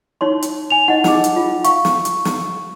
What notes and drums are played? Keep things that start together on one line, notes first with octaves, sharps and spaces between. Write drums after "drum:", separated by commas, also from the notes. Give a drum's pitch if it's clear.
D#4 C#5 C6
drum: hi-hat
G#5 F7
D#4 D#5 F#5
D#4 G#4, drum: snare
drum: hi-hat
F4
F5 C#6, drum: hi-hat
drum: snare
drum: hi-hat
drum: snare